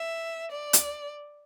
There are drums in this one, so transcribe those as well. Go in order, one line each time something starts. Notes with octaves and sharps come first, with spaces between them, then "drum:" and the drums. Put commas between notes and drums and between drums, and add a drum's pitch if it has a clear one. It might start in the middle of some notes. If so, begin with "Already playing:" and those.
Already playing: E5
D5
drum: hi-hat